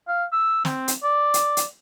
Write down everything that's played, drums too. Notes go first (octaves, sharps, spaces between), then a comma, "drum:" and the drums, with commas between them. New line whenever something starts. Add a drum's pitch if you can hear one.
F5
E6
C4, drum: snare
drum: hi-hat
D5
drum: hi-hat
drum: hi-hat